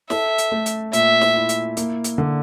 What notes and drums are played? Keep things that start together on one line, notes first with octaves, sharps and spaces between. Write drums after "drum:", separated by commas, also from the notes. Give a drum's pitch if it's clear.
A4 E5, drum: snare
drum: hi-hat
A3
drum: hi-hat
A#2 E5, drum: hi-hat
drum: snare
E4
drum: hi-hat
A#3, drum: hi-hat
drum: hi-hat
D3